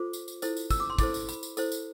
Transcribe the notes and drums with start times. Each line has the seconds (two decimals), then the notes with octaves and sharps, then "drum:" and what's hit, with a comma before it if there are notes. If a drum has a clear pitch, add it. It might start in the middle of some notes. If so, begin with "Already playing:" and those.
Already playing: F4 A4 C5 D6
0.13 drum: tambourine
0.28 drum: tambourine
0.42 E4 A4 C5, drum: tambourine
0.57 drum: tambourine
0.70 E6, drum: kick, tambourine
0.80 D6
0.90 C6
0.99 E4 A4 C5 D6, drum: kick, tambourine
1.14 drum: tambourine
1.29 B5, drum: tambourine
1.43 drum: tambourine
1.57 E4 A4 C5, drum: tambourine
1.72 drum: tambourine